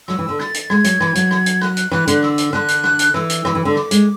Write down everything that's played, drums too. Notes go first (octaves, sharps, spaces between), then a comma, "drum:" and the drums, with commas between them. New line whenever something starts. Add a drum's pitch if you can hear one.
F#3 E6, drum: rim click
E3
D3
A6, drum: rim click
drum: hi-hat
G#3 G#6, drum: rim click
F#3, drum: hi-hat
E3, drum: rim click
F#3, drum: hi-hat
drum: rim click
drum: hi-hat
F#6, drum: rim click
drum: hi-hat
E3, drum: rim click
D3, drum: hi-hat
E6, drum: rim click
drum: hi-hat
D3 F#6, drum: rim click
drum: hi-hat
drum: rim click
drum: hi-hat
E3 E6, drum: rim click
drum: hi-hat
E3, drum: rim click
E3
D3 E6
D6, drum: rim click
G#3, drum: hi-hat